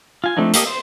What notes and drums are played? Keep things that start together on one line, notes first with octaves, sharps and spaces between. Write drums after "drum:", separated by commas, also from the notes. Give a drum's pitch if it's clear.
F4 G#5
F3 A3 C4 D4 D#4
A#3 G4 A4 D#5, drum: hi-hat
C5